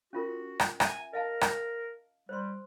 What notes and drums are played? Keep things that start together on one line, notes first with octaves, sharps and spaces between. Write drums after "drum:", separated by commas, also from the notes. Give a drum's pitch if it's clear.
C#4 F4 F#4 A#4
drum: rim click
E5 G#5 A#5, drum: rim click
A#4 D#5 F5 A5
drum: rim click
G3 C5 C6